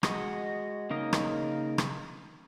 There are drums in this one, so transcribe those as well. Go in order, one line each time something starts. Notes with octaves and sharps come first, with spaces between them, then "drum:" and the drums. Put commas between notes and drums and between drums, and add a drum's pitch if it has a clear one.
G#3 F#4 D#5, drum: rim click
C#3 A#3 D#4 A#4 D#5
drum: rim click
drum: rim click